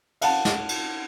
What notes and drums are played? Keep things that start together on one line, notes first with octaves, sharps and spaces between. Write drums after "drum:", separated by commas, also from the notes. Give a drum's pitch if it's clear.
F5 F#5 A5, drum: cymbal
drum: snare
drum: cymbal